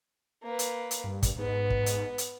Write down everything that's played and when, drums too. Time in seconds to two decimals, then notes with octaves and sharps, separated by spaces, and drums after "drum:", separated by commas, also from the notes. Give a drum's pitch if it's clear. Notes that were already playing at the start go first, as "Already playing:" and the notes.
0.43 A#3 B4
0.59 drum: hi-hat
0.91 drum: hi-hat
1.04 G2
1.23 drum: kick, hi-hat
1.38 G#2 B3
1.70 drum: kick
1.86 drum: hi-hat
2.18 drum: hi-hat